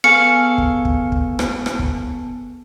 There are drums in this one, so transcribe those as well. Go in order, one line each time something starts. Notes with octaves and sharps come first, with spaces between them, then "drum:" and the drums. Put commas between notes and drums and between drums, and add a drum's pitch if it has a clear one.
B3 G#4 A4 F5 C#6 C#7
drum: kick
drum: kick
drum: kick
drum: rim click
drum: rim click
drum: kick